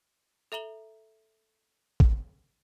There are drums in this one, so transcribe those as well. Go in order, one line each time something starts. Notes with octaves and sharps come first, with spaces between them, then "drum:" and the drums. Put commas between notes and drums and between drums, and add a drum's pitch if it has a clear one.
A4 E5 A#5 F#7 G7
drum: kick A1